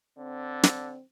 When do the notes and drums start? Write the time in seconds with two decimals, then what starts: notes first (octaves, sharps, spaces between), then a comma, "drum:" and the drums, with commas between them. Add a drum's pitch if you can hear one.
0.18 D3 C4
0.63 drum: snare